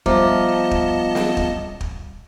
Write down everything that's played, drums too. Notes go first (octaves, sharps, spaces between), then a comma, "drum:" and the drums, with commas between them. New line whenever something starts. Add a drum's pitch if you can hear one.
F3 G3 B3 D#5 E5 A5 A#5 D6, drum: kick
drum: kick
drum: snare
drum: kick
drum: kick